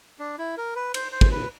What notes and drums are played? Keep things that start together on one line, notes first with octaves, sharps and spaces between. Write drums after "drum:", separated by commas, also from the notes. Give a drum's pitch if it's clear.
D4
E4
A#4
B4
C5, drum: cymbal
C5
drum: kick
B4